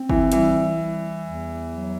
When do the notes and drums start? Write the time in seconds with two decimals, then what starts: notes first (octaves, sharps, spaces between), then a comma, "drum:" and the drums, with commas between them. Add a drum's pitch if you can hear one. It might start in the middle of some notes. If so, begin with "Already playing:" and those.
Already playing: C4
0.10 E3, drum: kick G1
0.32 E3 G3, drum: hi-hat
0.77 G3
1.23 E2
1.69 F#3